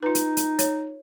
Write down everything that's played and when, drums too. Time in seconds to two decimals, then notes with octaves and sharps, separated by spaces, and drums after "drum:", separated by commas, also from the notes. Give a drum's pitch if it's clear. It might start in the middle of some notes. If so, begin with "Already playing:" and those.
0.03 D#4 F4 B4
0.15 drum: hi-hat
0.37 drum: hi-hat
0.59 C#5, drum: hi-hat